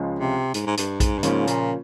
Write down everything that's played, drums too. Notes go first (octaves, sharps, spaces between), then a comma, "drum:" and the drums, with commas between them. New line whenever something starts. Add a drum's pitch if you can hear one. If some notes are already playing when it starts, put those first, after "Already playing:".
Already playing: C#2 C#3 F3 G#3
C3
G#2, drum: hi-hat
G#2
G2, drum: hi-hat
G#2, drum: kick A#1, hi-hat
G2
G#2 C#3 F3 A#3 C#4, drum: hi-hat
A#2, drum: hi-hat